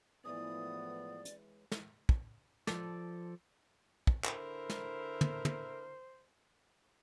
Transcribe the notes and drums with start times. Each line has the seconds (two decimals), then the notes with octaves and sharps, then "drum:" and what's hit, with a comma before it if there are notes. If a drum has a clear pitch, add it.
0.25 A2 E3 F3 G#3 B3 C#5 D5 D#6
1.25 drum: hi-hat
1.72 drum: snare
2.09 drum: kick
2.67 F3 A4 D5, drum: snare
4.07 drum: kick
4.24 D3 E4 A#4 C5, drum: clap
4.70 drum: snare
5.21 drum: tom
5.45 drum: tom